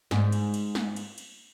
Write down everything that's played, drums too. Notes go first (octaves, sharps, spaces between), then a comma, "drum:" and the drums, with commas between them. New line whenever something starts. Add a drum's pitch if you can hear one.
G#2, drum: snare
drum: cymbal
drum: cymbal
drum: snare
drum: cymbal
drum: cymbal